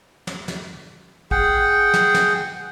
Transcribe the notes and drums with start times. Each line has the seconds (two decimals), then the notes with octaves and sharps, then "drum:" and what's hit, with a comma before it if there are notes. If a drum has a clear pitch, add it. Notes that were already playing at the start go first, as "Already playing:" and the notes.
0.27 drum: snare
0.48 drum: snare
1.31 G#4 F#5 G5, drum: kick
1.94 drum: snare
2.14 drum: snare